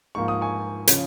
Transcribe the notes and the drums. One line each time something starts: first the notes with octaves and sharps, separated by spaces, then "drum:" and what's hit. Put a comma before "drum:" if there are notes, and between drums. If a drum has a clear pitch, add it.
G#2 F3 A#3 C#6
D#6
G#5 C#6
C#3 F3 C#4, drum: hi-hat